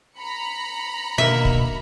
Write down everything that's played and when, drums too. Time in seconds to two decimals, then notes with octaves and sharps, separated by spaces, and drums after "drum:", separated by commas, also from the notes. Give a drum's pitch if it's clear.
0.17 A#5 B5 C#7
1.18 B2 D3 D#3 A#3 E5
1.45 drum: kick